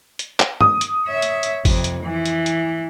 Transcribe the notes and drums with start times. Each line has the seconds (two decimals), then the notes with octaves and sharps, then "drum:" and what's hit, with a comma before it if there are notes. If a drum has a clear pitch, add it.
0.19 drum: hi-hat
0.40 drum: clap
0.61 D#6, drum: tom
0.81 drum: hi-hat
1.06 C#5 E5
1.22 drum: hi-hat
1.43 drum: hi-hat
1.65 F2 C3, drum: kick, open hi-hat
1.84 drum: hi-hat
2.03 E3
2.26 drum: hi-hat
2.46 drum: hi-hat